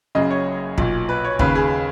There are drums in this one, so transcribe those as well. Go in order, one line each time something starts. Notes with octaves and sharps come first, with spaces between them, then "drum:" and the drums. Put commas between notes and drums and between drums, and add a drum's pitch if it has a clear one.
F#1 F#2 C#3 D#5
C#5
B1 A#2, drum: kick
B4
C#5
D#2 C#3 B4, drum: kick
G#4